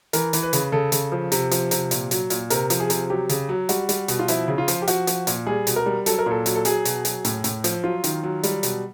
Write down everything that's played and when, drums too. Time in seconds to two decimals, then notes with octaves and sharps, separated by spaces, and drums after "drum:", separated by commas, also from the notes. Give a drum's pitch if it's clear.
0.13 E3 A#4, drum: hi-hat
0.33 E3, drum: hi-hat
0.43 B4
0.53 C#3, drum: hi-hat
0.72 C#3 A4
0.92 C#3, drum: hi-hat
1.12 F3
1.32 C3, drum: hi-hat
1.51 F3, drum: hi-hat
1.71 C3, drum: hi-hat
1.91 A#2, drum: hi-hat
2.11 F#3, drum: hi-hat
2.30 A#2, drum: hi-hat
2.50 C3 A#4, drum: hi-hat
2.70 F3, drum: hi-hat
2.80 G#4
2.90 C3, drum: hi-hat
3.10 F#3 G4
3.29 C#3, drum: hi-hat
3.49 F#3
3.69 G3 F#4, drum: hi-hat
3.89 G3, drum: hi-hat
4.08 B2, drum: hi-hat
4.19 F4
4.28 F3 E4, drum: hi-hat
4.48 C#3
4.58 F4
4.68 F3, drum: hi-hat
4.82 G4
4.88 F3 F#4, drum: hi-hat
5.07 F3, drum: hi-hat
5.27 A#2, drum: hi-hat
5.47 G3 G#4
5.67 B2, drum: hi-hat
5.76 A#4
5.86 G3
6.06 F#3 A4, drum: hi-hat
6.19 A#4
6.26 A#2 A4
6.46 F#3, drum: hi-hat
6.55 A4
6.65 F#3 G#4, drum: hi-hat
6.85 B2, drum: hi-hat
7.05 F#3, drum: hi-hat
7.25 A2, drum: hi-hat
7.44 A2, drum: hi-hat
7.64 F3, drum: hi-hat
7.83 F#3 F4
8.04 D#3, drum: hi-hat
8.23 F#3
8.43 G3, drum: hi-hat
8.63 B2, drum: hi-hat